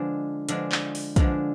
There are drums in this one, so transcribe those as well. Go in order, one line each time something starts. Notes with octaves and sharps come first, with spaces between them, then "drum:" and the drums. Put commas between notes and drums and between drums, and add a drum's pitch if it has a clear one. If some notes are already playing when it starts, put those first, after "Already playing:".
Already playing: D3 F3 G#3 D4
D3 F3 G#3 D4, drum: hi-hat
drum: clap
drum: open hi-hat
D3 F3 G#3 D4, drum: kick, hi-hat